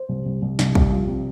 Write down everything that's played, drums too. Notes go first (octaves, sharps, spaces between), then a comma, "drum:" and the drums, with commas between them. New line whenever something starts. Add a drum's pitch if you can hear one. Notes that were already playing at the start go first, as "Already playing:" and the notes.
Already playing: C5
C2
C2
C2
C2, drum: snare
C2, drum: kick
F3
C3